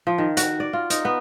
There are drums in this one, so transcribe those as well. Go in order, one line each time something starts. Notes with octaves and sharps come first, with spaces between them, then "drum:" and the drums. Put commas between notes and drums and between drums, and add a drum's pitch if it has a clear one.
F3
D#3
F#4, drum: hi-hat
D5
F4
D#4, drum: hi-hat
B3